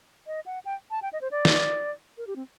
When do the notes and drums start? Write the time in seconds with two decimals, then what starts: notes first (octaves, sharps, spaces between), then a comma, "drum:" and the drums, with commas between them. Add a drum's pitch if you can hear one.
0.27 D#5
0.46 F#5
0.65 G5
0.91 A5
1.02 G5
1.13 D#5
1.21 C5
1.31 D5
1.45 drum: snare
2.18 A#4
2.27 G4
2.36 C4